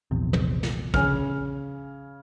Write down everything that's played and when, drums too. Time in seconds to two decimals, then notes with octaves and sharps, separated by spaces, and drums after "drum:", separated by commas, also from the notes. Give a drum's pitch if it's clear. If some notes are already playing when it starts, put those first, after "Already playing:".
0.11 A#1 E2 C3
0.33 drum: tom
0.63 drum: snare
0.94 C#3 G#5 F6, drum: kick